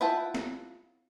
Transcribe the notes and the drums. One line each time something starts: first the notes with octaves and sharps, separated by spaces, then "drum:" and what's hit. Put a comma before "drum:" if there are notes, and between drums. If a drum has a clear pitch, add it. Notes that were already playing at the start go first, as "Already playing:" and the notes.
E4 F4 F#5 G5 A5
drum: snare